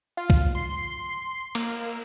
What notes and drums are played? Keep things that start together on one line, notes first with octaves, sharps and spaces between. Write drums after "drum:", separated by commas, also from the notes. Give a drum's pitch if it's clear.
F4
drum: kick C2
C6
A#3, drum: cymbal